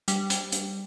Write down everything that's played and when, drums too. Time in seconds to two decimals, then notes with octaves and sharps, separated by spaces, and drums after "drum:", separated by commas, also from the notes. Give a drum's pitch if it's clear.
0.08 G3, drum: hi-hat
0.30 drum: hi-hat
0.52 drum: hi-hat